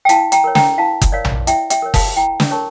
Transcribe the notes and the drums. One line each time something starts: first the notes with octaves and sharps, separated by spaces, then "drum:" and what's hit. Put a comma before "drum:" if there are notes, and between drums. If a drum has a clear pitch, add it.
G5
E4 F5 A5, drum: hi-hat
G5 A#5, drum: hi-hat
A#4 C#5
G5 A#5, drum: snare
E4 F5 A5
drum: kick F#1, hi-hat
A#4 C#5 D5 F5
drum: tom A#1
E4 E5 G5, drum: hi-hat
E5 G5, drum: hi-hat
A#4 C#5
F5 A5, drum: kick F#1, open hi-hat
E4 G5 A#5
drum: snare
A#4 C#5 A5 C#6